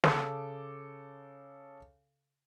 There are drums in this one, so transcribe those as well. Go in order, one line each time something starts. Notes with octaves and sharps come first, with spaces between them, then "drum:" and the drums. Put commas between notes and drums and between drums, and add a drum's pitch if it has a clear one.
C#3 A4 D6, drum: snare